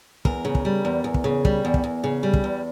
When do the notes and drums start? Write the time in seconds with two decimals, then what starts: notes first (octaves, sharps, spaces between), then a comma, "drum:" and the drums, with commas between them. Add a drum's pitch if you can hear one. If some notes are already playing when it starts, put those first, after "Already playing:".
0.25 E2 A#4, drum: kick
0.45 C#3
0.55 drum: kick
0.65 G3
0.85 E2
1.04 E2
1.14 drum: kick
1.24 C#3
1.45 G3, drum: kick
1.65 E2
1.74 drum: kick
1.84 E2
2.04 C#3
2.23 G3
2.34 drum: kick
2.44 E2